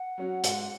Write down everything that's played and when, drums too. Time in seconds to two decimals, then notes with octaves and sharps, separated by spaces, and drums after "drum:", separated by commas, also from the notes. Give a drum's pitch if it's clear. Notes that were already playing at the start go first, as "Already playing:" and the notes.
Already playing: F#5
0.18 F#3 C#4 F#4
0.44 G#2, drum: hi-hat